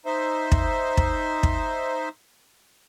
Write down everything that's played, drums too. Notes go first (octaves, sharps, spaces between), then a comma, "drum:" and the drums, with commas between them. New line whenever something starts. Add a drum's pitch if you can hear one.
D#4 C5 E5
drum: kick
drum: kick
drum: kick